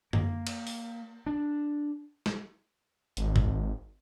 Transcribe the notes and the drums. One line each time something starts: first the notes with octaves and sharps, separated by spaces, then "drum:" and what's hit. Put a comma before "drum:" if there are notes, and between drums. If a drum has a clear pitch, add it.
A#3, drum: tom F#2
drum: cymbal
drum: open hi-hat
D4
drum: snare
G#1, drum: hi-hat
drum: kick